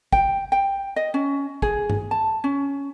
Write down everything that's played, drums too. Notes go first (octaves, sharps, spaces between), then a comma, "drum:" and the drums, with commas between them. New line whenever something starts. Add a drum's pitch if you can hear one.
G5, drum: kick
G5
D#5
C#4
G#4, drum: kick
drum: tom G2
A5
C#4